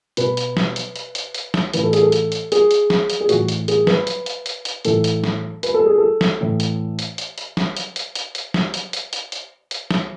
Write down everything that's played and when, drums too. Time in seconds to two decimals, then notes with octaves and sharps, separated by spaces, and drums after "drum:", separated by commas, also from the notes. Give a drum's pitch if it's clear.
0.17 B2 B4, drum: hi-hat
0.37 drum: hi-hat
0.57 drum: snare
0.76 drum: hi-hat
0.96 drum: hi-hat
1.15 drum: hi-hat
1.34 drum: hi-hat
1.54 drum: snare
1.74 A2 E3 B4, drum: hi-hat
1.83 A4
1.93 G#4, drum: hi-hat
2.02 A4
2.12 drum: hi-hat
2.32 drum: hi-hat
2.52 G#4, drum: hi-hat
2.71 drum: hi-hat
2.90 drum: snare
3.10 drum: hi-hat
3.21 G#4
3.29 A2 E3 F#4, drum: hi-hat
3.49 drum: hi-hat
3.68 G#4, drum: hi-hat
3.87 B4, drum: snare
4.07 drum: hi-hat
4.26 drum: hi-hat
4.46 drum: hi-hat
4.65 drum: hi-hat
4.85 A2 E3 A4, drum: hi-hat
5.04 drum: hi-hat
5.24 drum: snare
5.63 B4, drum: hi-hat
5.74 A4
5.86 G#4
5.98 A4
6.21 drum: snare
6.41 A2 E3
6.60 drum: hi-hat
6.99 drum: hi-hat
7.18 drum: hi-hat
7.38 drum: hi-hat
7.57 drum: snare
7.77 drum: hi-hat
7.96 drum: hi-hat
8.15 drum: hi-hat
8.35 drum: hi-hat
8.54 drum: snare
8.74 drum: hi-hat
8.93 drum: hi-hat
9.13 drum: hi-hat
9.32 drum: hi-hat
9.71 drum: hi-hat
9.91 drum: snare